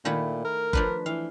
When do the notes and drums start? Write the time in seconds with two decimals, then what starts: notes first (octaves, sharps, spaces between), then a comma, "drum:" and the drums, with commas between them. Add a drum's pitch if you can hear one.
0.05 A#2 D#3 A3 E4
0.45 A#4
0.73 F3 D4 B4, drum: kick F#1
1.06 E3 F5